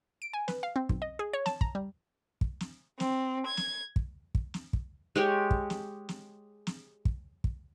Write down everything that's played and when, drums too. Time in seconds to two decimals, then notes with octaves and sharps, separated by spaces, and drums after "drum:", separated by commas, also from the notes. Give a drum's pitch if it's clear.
0.22 D7
0.33 G#5
0.48 B4, drum: snare
0.63 F5
0.76 C4
0.89 B1, drum: kick
1.02 D#5
1.19 G#4
1.33 C#5
1.46 A5, drum: snare
1.61 A#5, drum: kick
1.75 G3
2.41 drum: kick
2.61 drum: snare
3.00 C4, drum: snare
3.47 G#6
3.57 drum: snare
3.96 drum: kick
4.35 drum: kick
4.54 drum: snare
4.73 drum: kick
5.16 G#3 G4 C#5
5.51 drum: kick
5.70 drum: snare
6.09 drum: snare
6.67 drum: snare
7.05 drum: kick
7.44 drum: kick